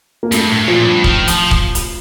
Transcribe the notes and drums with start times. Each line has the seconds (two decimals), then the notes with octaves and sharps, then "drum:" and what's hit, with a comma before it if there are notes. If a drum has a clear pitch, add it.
0.23 A#3
0.32 G2 A3, drum: hi-hat
0.50 A2
0.67 A#2 F3
0.86 G2
1.04 D#3, drum: kick
1.28 F3, drum: hi-hat
1.51 drum: kick
1.75 drum: hi-hat